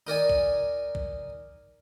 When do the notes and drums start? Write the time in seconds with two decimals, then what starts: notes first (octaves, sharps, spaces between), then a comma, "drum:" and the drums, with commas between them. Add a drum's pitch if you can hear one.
0.07 D#4 A#4 D5 G#5
0.29 drum: kick B1
0.95 drum: kick B1